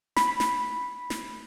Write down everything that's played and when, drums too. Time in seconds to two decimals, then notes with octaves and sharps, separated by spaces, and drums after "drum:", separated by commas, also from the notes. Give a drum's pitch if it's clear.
0.17 B5, drum: snare
0.40 drum: snare
1.10 drum: snare